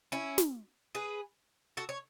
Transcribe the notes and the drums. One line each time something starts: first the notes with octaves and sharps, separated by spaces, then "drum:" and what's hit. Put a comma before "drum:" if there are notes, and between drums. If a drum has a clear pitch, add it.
C#4 E4
drum: snare
G#4 B4
F#4 A4
C#5